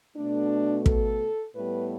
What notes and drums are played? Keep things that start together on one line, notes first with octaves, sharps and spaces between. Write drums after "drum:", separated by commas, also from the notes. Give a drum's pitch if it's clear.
B2 A3 D4
A4, drum: kick
A2 G3 B3 B4